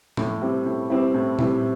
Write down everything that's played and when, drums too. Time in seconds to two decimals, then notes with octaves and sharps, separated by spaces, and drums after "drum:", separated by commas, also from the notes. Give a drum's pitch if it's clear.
0.17 A2, drum: tom
0.42 G3 C4 E4
0.66 A2
0.90 G3 C4 E4
1.14 A2
1.39 G3 C4 E4, drum: tom A#2